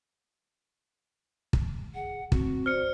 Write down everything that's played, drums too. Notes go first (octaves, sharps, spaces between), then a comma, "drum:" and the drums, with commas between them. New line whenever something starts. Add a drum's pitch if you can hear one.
drum: kick
G#4 F#5
C4 F#4, drum: kick
C5 D5 F6 C#7